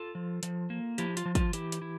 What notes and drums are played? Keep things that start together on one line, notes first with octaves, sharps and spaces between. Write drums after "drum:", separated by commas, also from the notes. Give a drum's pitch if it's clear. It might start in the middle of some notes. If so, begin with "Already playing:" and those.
Already playing: F4 A4
F3
F3, drum: hi-hat
A#3
F3 E4 G4, drum: hi-hat
F4, drum: hi-hat
F3
F4, drum: kick, hi-hat
E3 E4 G4, drum: hi-hat
drum: hi-hat
E4